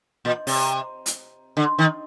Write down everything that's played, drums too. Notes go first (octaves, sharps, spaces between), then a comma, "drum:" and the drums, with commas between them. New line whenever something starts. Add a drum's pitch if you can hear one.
A#2
C3, drum: open hi-hat
drum: hi-hat
D3
D#3